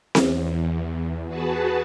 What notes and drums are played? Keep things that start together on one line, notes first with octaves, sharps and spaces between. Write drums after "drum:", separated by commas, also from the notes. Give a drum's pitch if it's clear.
E2, drum: snare C4
F#4 G#4 B4 A5